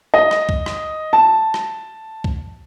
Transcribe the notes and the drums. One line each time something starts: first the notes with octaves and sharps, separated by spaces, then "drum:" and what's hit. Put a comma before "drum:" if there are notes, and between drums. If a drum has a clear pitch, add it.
D#5
drum: rim click
drum: kick C#2
drum: rim click
A5
drum: rim click
drum: kick C#2